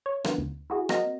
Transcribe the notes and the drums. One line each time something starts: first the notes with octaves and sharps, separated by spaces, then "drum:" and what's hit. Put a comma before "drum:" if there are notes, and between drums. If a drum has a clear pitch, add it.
C#5
D3 E3 A#3 B3, drum: rim click
D2
E4 F#4 G#4
A#3 C4 F#4 A#4 D#5, drum: rim click